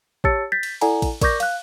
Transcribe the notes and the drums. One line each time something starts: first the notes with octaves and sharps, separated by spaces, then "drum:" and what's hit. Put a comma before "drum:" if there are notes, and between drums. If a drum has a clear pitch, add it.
G4 C#5 A5 E6 A6 C#7, drum: kick
G6 A6 B6
drum: cymbal
E4 A4 D5 F#5 G#5 A#5, drum: cymbal
drum: kick, cymbal
A#4 D5 C#6 D6 G6 A#6, drum: kick, cymbal
F5 F#6, drum: cymbal